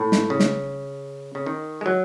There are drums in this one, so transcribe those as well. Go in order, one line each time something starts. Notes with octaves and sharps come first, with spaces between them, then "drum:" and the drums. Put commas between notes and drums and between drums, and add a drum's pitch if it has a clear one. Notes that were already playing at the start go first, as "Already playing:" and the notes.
Already playing: A2
drum: snare
C#3
drum: snare
C#3
D#3
G#3
F#3